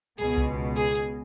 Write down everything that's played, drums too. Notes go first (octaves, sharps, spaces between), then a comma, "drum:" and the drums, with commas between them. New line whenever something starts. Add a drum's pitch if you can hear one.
C#2 B2 G#4, drum: hi-hat
drum: kick B1
G#4, drum: hi-hat
drum: hi-hat